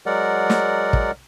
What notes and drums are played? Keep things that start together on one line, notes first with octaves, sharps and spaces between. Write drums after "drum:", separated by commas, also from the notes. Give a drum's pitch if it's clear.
F#3 G#3 A#4 D5 F#5
drum: snare
drum: kick